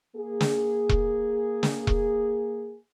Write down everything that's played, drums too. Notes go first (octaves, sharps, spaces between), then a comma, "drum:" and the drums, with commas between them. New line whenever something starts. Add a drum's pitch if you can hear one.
A#3 G#4
drum: snare
drum: kick E1
drum: snare
drum: kick E1